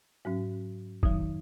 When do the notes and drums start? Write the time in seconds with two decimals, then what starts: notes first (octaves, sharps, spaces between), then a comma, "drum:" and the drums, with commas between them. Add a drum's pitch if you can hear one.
0.25 G#2 F#3 C#4
1.03 F2 D#3 F#3 D#6, drum: kick